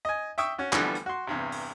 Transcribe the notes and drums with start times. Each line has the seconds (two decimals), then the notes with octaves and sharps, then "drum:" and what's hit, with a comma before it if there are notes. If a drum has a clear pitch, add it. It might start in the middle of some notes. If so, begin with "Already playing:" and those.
0.05 D#5 G#5
0.38 E5 G5 C#6 D#6 E6, drum: hi-hat
0.58 C#4 F#4
0.73 D3 E3 F3 G3 A3 B3, drum: clap
0.95 drum: hi-hat
1.06 F#4 C6
1.27 E2 G2 C3
1.52 drum: open hi-hat